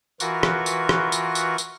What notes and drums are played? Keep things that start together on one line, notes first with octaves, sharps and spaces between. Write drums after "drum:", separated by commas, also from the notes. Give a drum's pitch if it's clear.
E3 F4 F#4 A#4 B4 C#6, drum: tambourine
drum: rim click
drum: tambourine
drum: rim click
drum: tambourine
drum: tambourine
drum: tambourine